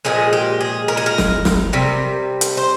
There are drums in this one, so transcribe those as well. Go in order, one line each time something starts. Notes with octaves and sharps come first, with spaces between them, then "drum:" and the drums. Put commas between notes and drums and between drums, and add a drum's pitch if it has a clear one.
A#2 F3 G#3 G#4
G4
G#4
A#4
G#4
A#4
drum: snare
drum: snare
C3 G3
drum: hi-hat
C5